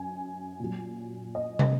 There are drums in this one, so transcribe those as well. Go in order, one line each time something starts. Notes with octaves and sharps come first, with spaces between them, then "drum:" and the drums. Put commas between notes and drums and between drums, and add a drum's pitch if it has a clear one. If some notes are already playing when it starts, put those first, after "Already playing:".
Already playing: F#2 G#5
A#2 F#3
D#5
drum: tom